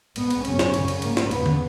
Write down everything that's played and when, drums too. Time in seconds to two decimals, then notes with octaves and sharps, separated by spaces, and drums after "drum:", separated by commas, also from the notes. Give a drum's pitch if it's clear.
0.16 G#2 B3, drum: cymbal
0.30 drum: cymbal
0.45 F#2 C#3 C#4, drum: cymbal
0.59 drum: snare
0.74 F#2 C#3, drum: cymbal
0.88 drum: cymbal
1.02 G#2 A#3, drum: cymbal
1.17 drum: snare
1.31 E2 C#3 B3, drum: cymbal
1.46 drum: tom